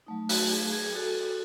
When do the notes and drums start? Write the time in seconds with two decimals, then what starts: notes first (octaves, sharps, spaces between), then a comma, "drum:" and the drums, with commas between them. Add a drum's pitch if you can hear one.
0.07 F#3 A3 D#4
0.29 F#4, drum: open hi-hat
0.51 G#4
0.73 G#4
0.95 F#4 A4